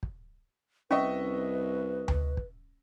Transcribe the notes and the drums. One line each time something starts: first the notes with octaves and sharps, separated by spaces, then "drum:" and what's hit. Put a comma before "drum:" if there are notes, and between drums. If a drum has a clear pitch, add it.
drum: kick
C2 C#4 B4 D#5 E5 C#6
drum: tom D2
drum: kick